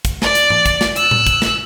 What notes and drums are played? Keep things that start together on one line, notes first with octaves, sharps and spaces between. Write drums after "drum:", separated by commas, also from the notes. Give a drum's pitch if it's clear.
drum: kick, hi-hat
D5, drum: snare
drum: hi-hat
drum: tom G#2
drum: kick, hi-hat
drum: snare
E6 F#6, drum: hi-hat
drum: tom A2
drum: kick, hi-hat
drum: snare